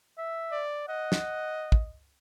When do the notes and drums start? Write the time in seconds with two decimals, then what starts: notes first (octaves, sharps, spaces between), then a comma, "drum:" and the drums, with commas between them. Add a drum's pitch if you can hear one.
0.18 E5
0.51 D5
0.89 D#5 F#5
1.12 drum: snare
1.72 drum: kick